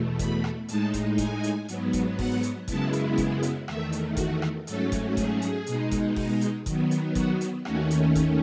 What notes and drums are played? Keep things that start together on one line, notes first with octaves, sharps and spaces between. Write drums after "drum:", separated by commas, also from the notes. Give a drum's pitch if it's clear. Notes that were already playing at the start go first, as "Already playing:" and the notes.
Already playing: E2 B2 A3
B5, drum: kick F#1, hi-hat
drum: rim click
A2 G#3 D#4 A5, drum: hi-hat
drum: kick F#1, hi-hat
G#5, drum: kick F#1, hi-hat
drum: hi-hat
G#2 F#3 B3, drum: hi-hat
drum: kick F#1, hi-hat
F#5, drum: kick F#1, open hi-hat
drum: hi-hat
F#2 C#3 G#3 B3 E4 A5, drum: kick F#1, hi-hat
drum: hi-hat
drum: kick F#1, hi-hat
drum: hi-hat
E2 D#3 A3 E5, drum: rim click
drum: hi-hat
F#4, drum: kick F#1, hi-hat
drum: rim click
G#2 F#3 A3 C#4 A4, drum: hi-hat
drum: kick F#1, hi-hat
G#4, drum: kick F#1, hi-hat
drum: hi-hat
B2 G#3 D#4, drum: hi-hat
drum: kick F#1, hi-hat
drum: kick F#1, open hi-hat
drum: hi-hat
D#3 F#3 B3, drum: kick F#1, hi-hat
drum: hi-hat
F#4, drum: kick F#1, hi-hat
drum: hi-hat
D#2 D#3 A3 C#4 F#4, drum: rim click
drum: hi-hat
drum: kick F#1, hi-hat